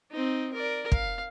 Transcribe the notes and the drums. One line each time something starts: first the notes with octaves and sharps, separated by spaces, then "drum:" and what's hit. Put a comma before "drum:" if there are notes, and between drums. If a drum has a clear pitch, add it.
C4 D#4
A#4 D5
F5, drum: kick